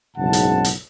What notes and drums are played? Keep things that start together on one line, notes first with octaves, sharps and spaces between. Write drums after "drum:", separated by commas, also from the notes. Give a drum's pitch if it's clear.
F#1 B1 G#2 C#3 F#5 A5
drum: hi-hat
drum: hi-hat